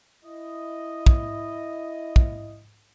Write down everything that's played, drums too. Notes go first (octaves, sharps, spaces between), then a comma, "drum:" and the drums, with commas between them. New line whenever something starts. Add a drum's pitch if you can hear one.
E4 D#5
drum: kick
drum: kick